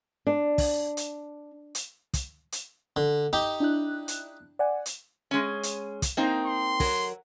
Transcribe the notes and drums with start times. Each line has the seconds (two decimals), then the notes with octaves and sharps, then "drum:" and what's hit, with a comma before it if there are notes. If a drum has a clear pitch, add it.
0.27 D4
0.58 drum: kick, open hi-hat
0.97 drum: hi-hat
1.75 drum: hi-hat
2.14 drum: kick, hi-hat
2.52 drum: hi-hat
2.96 D3
3.33 D#4 G4
3.60 D4 E4 F#6
4.08 drum: hi-hat
4.59 D5 F#5 G#5
4.86 drum: hi-hat
5.31 G#3 C#4
5.63 drum: hi-hat
6.02 drum: kick, hi-hat
6.17 A#3 C4 D#4
6.46 C6
6.80 F#3 A#4, drum: kick, open hi-hat